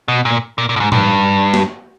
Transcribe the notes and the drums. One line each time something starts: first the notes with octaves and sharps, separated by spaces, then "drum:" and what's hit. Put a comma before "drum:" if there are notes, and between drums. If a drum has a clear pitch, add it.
B2
A#2
A#2
A#2
A2
G#2
G2, drum: tom A2
drum: snare